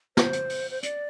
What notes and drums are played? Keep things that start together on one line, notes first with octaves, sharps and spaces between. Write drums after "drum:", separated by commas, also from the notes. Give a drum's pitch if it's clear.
C5, drum: snare
drum: hi-hat
drum: open hi-hat
C5
D5, drum: hi-hat